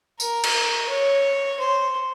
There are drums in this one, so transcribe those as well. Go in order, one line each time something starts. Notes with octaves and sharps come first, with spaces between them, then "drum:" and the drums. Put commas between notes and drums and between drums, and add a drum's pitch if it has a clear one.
A#4, drum: tambourine
drum: cymbal
C#5
C5